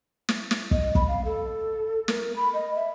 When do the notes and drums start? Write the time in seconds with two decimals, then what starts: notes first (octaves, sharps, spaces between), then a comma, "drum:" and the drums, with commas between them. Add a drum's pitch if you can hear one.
0.29 drum: snare
0.51 drum: snare
0.71 D#5, drum: kick
0.95 B5, drum: kick
1.08 F5
1.25 A4
2.08 A#4, drum: snare
2.36 B5
2.54 D#5
2.76 E5